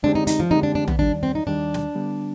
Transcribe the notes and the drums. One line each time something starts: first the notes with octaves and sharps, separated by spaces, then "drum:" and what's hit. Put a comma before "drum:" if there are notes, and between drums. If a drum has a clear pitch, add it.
D3 G#3 C4 D4 G4
D#4
D#4, drum: hi-hat
F3
D3 G#3 C4 D#4 G4
D4
D4
B3, drum: tom
D#2 D#3 G3 D4
C4
D#4
D#2 D#3 G3 D4
drum: snare
D3 G3 B3